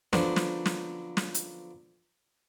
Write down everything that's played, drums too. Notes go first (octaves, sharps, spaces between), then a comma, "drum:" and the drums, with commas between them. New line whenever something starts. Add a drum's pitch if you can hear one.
D3 F3 F#3 B3 D4 C5, drum: snare
drum: snare
drum: snare
drum: snare
drum: hi-hat